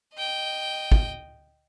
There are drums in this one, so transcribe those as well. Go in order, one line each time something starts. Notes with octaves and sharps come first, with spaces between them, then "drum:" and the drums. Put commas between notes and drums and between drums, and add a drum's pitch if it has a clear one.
D#5 G5
drum: kick